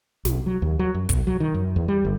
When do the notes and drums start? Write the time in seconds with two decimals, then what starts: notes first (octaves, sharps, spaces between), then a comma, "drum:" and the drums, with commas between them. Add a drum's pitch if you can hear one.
0.25 B1, drum: snare
0.46 F#3
0.62 D#2
0.79 F#3
0.95 F#2
1.09 B1, drum: kick, hi-hat
1.27 F#3
1.40 D#3
1.54 F#2
1.76 E2
1.88 G3
2.05 G1